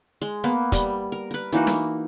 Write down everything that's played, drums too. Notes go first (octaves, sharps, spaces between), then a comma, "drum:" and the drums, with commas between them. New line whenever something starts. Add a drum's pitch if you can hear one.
G#3
A#3 B3
G3, drum: kick, hi-hat
A#4
A#4 B4
E3 A#3 D#4 F#4
drum: snare